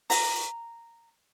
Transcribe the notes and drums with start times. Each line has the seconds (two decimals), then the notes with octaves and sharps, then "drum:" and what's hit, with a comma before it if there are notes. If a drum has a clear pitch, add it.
0.10 A#5, drum: open hi-hat